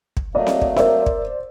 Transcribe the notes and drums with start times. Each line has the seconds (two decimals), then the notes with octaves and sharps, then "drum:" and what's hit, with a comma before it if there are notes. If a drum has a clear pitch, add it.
0.17 drum: kick
0.35 F#3 A3 A#3 D5 D#5
0.47 drum: snare C4
0.61 drum: kick
0.76 A#4 C5 D5 E5, drum: snare C4
1.06 drum: kick